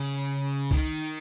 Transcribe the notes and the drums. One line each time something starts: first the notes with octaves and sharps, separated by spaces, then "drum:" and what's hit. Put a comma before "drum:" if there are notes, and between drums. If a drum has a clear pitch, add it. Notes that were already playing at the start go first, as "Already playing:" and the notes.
Already playing: C#3
D#3, drum: kick C2